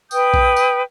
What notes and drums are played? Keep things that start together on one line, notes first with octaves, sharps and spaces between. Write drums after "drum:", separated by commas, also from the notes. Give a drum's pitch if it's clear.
B4 G5 D#6 G6, drum: tambourine
drum: kick A#1
drum: tambourine